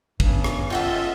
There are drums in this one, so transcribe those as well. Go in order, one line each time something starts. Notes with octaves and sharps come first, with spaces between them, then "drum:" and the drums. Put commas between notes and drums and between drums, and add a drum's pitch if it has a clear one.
G2 B3 C#4, drum: kick
drum: rim click
F4 A4 D#5 E5 F#5 G5